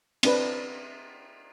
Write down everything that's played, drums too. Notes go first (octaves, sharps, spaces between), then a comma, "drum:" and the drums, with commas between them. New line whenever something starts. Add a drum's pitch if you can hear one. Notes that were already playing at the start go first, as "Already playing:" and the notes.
C4 D4 B4, drum: cymbal